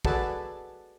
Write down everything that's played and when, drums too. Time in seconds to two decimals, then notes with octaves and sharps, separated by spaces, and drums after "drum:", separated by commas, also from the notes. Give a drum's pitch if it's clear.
0.05 F#4 G#4 A4 B4 D5 A5, drum: kick